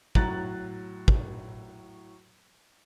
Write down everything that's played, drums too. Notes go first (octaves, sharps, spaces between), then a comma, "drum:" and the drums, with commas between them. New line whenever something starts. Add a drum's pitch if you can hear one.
A2 F#3 A#5 F#6 A6, drum: kick
drum: kick